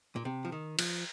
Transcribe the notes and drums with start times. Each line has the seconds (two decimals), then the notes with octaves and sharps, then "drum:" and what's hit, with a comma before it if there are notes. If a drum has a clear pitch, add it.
0.16 A#2
0.25 C3
0.45 F3
0.52 D#3
0.79 F3, drum: cymbal